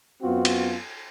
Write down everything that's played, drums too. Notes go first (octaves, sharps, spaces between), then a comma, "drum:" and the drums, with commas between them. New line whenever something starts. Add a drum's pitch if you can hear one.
F#2 B3 C4 F4 F#4
drum: cymbal